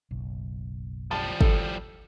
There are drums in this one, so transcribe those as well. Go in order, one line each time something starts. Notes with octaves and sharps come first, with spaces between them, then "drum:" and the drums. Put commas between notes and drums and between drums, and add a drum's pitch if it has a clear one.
F#1 B1
F3 G3 A5
A4, drum: kick